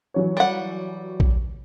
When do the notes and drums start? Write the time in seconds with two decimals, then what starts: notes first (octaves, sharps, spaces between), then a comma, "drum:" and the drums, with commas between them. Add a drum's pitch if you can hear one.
0.14 E3 F#3 C#5
0.37 G3 F#5
1.20 drum: kick A#1